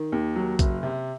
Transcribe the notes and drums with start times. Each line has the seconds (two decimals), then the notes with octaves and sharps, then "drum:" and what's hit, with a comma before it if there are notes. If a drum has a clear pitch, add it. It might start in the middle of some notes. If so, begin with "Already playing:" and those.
Already playing: D#3
0.12 D#2
0.36 F#3
0.59 F#1, drum: kick A#1, hi-hat
0.83 C3